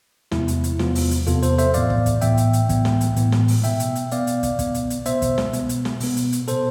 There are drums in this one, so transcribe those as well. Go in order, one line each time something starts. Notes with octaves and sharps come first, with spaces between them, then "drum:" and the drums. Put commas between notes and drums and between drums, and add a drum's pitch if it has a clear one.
E2 C3 F3 B3 E4, drum: snare
drum: hi-hat
drum: hi-hat
E2 C3 F3 B3 F4, drum: snare
drum: open hi-hat
drum: hi-hat
E2 C3 F3 B3 F4 A4, drum: hi-hat
A4 C5, drum: hi-hat
C5 E5, drum: hi-hat
A2 E3 B3 D5 F5, drum: hi-hat
drum: kick
drum: kick, hi-hat
A2 E3 B3 E5 G5, drum: hi-hat
drum: hi-hat
drum: hi-hat
A2 E3 B3, drum: kick, hi-hat
drum: snare
drum: hi-hat
A2 E3 B3, drum: hi-hat
drum: snare
drum: open hi-hat
B2 B3 E5 G5, drum: hi-hat
drum: hi-hat
drum: hi-hat
B2 B3 D5 F5, drum: hi-hat
drum: hi-hat
drum: kick, hi-hat
B2 B3, drum: kick, hi-hat
drum: hi-hat
drum: hi-hat
B2 B3 C5 E5, drum: hi-hat
drum: kick, hi-hat
drum: snare
B2 B3, drum: hi-hat
drum: hi-hat
drum: snare
B2 B3, drum: open hi-hat
drum: hi-hat
drum: hi-hat
B2 B3 A4 C5, drum: hi-hat